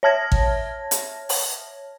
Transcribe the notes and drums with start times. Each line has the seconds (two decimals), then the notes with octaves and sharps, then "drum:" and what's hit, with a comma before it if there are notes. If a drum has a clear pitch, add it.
0.03 C#5 E5 A5 F6 G#6 A#6
0.32 drum: kick G#1
0.91 drum: hi-hat
1.29 drum: open hi-hat